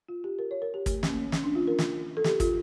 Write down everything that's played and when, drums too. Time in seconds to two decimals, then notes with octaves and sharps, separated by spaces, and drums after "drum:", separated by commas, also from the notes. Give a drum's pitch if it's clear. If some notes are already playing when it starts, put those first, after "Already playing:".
0.09 F4
0.24 G4
0.39 A#4
0.51 C#5
0.62 A#4
0.74 G4
0.86 A3, drum: kick, hi-hat
1.03 C#4, drum: snare
1.09 A#3
1.32 C#4, drum: snare
1.44 D4
1.55 F4
1.68 A#4
1.79 drum: snare
2.17 A4
2.24 G4, drum: snare
2.40 F4, drum: kick, hi-hat